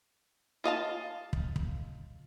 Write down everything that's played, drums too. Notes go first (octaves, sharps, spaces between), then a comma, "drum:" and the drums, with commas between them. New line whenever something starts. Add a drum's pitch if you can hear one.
F4 D#5 F5 A5
drum: kick
drum: kick